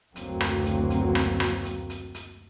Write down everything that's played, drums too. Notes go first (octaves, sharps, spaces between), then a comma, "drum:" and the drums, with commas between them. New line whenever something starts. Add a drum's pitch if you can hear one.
F#1 D2 B2 F#3 A#3 C4, drum: hi-hat
drum: rim click
drum: hi-hat
drum: hi-hat
drum: rim click
drum: rim click
drum: hi-hat
drum: hi-hat
drum: hi-hat